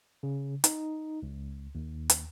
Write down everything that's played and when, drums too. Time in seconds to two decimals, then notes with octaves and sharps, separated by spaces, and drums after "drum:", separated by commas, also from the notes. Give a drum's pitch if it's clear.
0.23 C#3
0.64 D#4, drum: hi-hat
1.23 C#2
1.75 D#2
2.10 drum: hi-hat